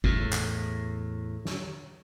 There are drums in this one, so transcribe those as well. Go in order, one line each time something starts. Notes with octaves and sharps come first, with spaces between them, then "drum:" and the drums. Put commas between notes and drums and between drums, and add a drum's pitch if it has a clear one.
E2 A2, drum: kick
drum: clap
drum: snare